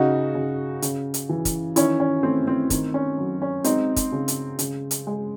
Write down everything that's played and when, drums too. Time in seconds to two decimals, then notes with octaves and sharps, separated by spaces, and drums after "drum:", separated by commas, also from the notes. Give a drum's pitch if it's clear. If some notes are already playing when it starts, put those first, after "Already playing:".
Already playing: C#3 D#4 F#4
0.35 C#3
0.82 C#3, drum: hi-hat
1.14 drum: hi-hat
1.29 E3
1.45 drum: kick, hi-hat
1.76 D#3 C#4 E4, drum: hi-hat
2.00 C#4
2.23 A3 C4
2.47 C4
2.70 D#3 C4, drum: kick, hi-hat
2.94 C#4
3.18 F#3
3.42 C#4
3.64 G#3 C4 D#4, drum: hi-hat
3.96 drum: kick, hi-hat
4.12 C#3
4.28 drum: hi-hat
4.59 C#3, drum: hi-hat
4.91 drum: hi-hat
5.07 G#3